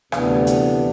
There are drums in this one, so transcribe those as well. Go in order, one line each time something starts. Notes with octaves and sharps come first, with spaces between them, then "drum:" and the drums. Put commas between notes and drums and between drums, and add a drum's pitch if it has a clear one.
D2 C3 E3 B3 D4, drum: rim click
drum: hi-hat